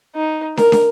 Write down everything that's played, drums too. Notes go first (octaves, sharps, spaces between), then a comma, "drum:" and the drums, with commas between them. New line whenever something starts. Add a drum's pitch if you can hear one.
D#4
A#4, drum: snare
drum: snare